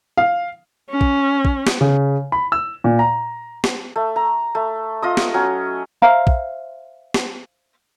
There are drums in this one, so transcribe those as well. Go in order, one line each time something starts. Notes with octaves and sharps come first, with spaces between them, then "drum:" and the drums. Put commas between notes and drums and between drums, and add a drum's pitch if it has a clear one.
F5
C#4
drum: kick
drum: kick
drum: snare
C#3
B5
E6
A#2
A#5
drum: snare
A3
A#5
A3
F4 D#5 D#6
drum: snare
F#3 C#4
C5 E5 F5 A#5
drum: kick
drum: snare